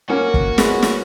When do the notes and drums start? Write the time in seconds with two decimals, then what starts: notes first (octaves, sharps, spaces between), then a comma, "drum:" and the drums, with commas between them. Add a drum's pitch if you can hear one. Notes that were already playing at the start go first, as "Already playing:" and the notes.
0.10 A#3 C#4 F#4
0.34 drum: kick
0.58 G#3 B3, drum: snare
0.82 drum: snare